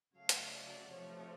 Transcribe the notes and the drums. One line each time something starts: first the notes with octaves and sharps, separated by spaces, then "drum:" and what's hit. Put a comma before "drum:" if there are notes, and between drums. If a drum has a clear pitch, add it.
C#3 F#3 A3 F5
drum: hi-hat
D5
C3 F3 A3 C#5